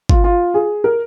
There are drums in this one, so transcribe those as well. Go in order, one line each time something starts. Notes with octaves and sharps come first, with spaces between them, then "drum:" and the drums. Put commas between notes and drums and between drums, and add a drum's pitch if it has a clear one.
F4, drum: kick
F4
G#4
A#4